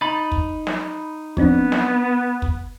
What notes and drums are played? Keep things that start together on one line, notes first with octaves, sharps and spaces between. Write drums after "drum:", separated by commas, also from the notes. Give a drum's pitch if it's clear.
D#4 B5 A6
drum: kick
drum: snare
F3 B3 C4 D4, drum: kick
drum: snare
drum: kick